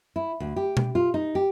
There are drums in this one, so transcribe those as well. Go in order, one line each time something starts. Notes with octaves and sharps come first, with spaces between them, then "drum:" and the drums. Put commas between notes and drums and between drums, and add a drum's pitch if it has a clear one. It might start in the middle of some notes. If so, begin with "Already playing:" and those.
E4
D2
G4
drum: tom B2
F4
D#4
G4